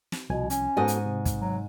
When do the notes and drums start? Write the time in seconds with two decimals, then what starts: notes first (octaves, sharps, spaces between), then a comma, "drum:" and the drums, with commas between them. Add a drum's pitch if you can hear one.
0.12 drum: snare
0.30 C2 B2 F3 G#5
0.50 C#4, drum: hi-hat
0.77 G#2 B3 F#4 A4 D#5 G#5
0.88 drum: hi-hat
1.06 C3
1.25 drum: kick, hi-hat
1.40 F#3